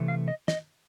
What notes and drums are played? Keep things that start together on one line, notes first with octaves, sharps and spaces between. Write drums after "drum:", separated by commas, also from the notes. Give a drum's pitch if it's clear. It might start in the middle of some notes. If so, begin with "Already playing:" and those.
Already playing: C3 E3 A3
F5
D#5
D#5, drum: snare